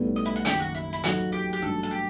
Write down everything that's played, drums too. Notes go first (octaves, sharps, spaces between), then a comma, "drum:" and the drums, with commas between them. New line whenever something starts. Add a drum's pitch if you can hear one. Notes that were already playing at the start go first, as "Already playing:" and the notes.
Already playing: B1 A2 G3 B3
D#5
E4
F#4
F#1 F#2 D#3 G4, drum: hi-hat
F#4
E4
E4
A1 A2 F#3 A3 D#4 F#4, drum: hi-hat
G4
G4
A1 G2 F#3 A3 A4
A4
G4